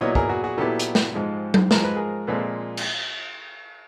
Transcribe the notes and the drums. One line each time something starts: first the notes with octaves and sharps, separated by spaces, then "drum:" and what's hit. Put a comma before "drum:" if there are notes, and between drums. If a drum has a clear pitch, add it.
A#2 F#3 B3 E4 C#5 D#5
G#4 A#4, drum: kick
F#4 G#4
F#4 G#4
A#2 F#3 B3 E4 G4 A4
drum: hi-hat
drum: snare
G#2 F3 G#3
drum: tom F#3
G#2 F3 G#3 A#4, drum: snare
B4
G#4 A#4
A#2 F3 G#3 C4 A4 B4
drum: cymbal